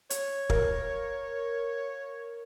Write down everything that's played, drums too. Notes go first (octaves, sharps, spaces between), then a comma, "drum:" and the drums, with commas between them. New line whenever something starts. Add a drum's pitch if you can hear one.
C#5, drum: hi-hat
A#4 F5, drum: kick